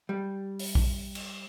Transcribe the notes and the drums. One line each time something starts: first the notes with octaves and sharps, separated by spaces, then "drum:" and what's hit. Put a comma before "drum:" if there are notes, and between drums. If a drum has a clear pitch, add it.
G3
drum: open hi-hat
drum: kick A#1
drum: cymbal